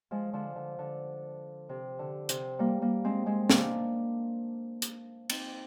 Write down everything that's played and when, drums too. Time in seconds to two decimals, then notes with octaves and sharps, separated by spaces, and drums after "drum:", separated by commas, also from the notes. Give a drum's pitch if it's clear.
0.11 F3 G#3
0.33 D3 F3
0.56 D3
0.79 D3
1.69 C3
1.99 D3
2.29 C3, drum: hi-hat
2.59 G3 A#3
2.82 G3 A#3
3.04 G#3 C4
3.26 G#3 C4
3.50 A#3 D4, drum: snare
4.82 drum: hi-hat
5.30 C4 D#4, drum: cymbal